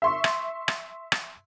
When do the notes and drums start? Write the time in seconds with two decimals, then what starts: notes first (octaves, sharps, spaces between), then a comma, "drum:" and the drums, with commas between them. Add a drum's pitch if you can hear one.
0.02 E5 C6 C#6
0.24 drum: rim click
0.68 drum: rim click
1.12 drum: rim click